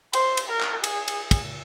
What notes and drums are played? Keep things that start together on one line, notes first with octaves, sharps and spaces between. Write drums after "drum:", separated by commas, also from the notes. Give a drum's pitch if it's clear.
C5, drum: cymbal
drum: cymbal
A#4
drum: clap
G#4, drum: cymbal
drum: cymbal
drum: kick, cymbal